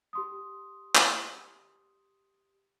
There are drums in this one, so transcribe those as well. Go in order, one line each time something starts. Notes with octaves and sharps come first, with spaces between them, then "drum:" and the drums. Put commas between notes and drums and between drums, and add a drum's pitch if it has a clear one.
G4 C6 D#6
drum: clap